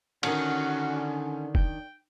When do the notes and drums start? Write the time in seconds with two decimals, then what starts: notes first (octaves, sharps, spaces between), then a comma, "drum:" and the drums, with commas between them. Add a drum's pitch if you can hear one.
0.23 D3 D#3 C#4 D4 F#4, drum: cymbal
1.55 G5, drum: kick